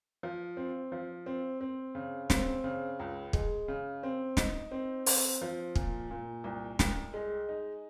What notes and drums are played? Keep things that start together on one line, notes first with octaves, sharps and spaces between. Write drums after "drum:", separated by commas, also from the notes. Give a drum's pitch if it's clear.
F3
C4
F3
C4
C4
C#3
C4, drum: snare
C#3
C#2
G#3, drum: kick
C#3
C4
D#4, drum: snare
C4
C4, drum: open hi-hat
F3
A#2, drum: kick
A#2
C2
C2, drum: snare
G#3
D#4